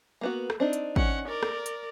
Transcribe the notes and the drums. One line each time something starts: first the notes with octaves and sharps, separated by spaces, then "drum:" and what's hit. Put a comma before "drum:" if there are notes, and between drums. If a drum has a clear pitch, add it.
A#3 B3 F#4
drum: rim click
C4 D4 D#4
drum: hi-hat
C#4 F#5, drum: kick
A#4 D5
drum: rim click
drum: hi-hat